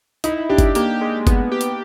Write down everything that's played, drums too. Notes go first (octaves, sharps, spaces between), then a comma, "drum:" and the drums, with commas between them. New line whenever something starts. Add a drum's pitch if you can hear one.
D#4 E4, drum: hi-hat
D4 G4
drum: kick G1, hi-hat
A#3 G4, drum: hi-hat
G#3
B3, drum: kick G1, hi-hat
G4
drum: hi-hat